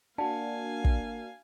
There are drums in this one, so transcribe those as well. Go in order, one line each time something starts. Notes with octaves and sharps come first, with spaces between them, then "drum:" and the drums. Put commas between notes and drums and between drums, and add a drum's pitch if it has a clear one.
A#3 D4 F#4 F5 G#5 A5
drum: kick